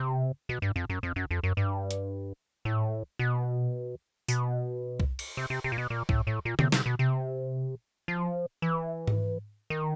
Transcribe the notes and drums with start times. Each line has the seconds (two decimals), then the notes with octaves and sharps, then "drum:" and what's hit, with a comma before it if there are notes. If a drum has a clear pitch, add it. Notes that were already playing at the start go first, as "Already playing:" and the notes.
Already playing: C3
0.49 B2
0.62 G2
0.76 F2
0.90 F#2
1.03 F2
1.16 F#2
1.31 F2
1.43 F#2
1.57 G2
1.91 drum: hi-hat
2.65 A2
3.19 B2
4.28 B2, drum: tambourine
5.00 drum: kick C2
5.19 drum: cymbal
5.37 C3
5.50 C3
5.64 C3
5.72 A#2
5.78 B2
5.90 A#2
6.09 A2, drum: kick C2
6.27 A2
6.45 A#2
6.59 C3, drum: tom D3
6.72 C3, drum: snare
6.86 B2
6.99 C3
8.08 F3
8.62 E3
9.08 drum: tom G#2
9.70 D#3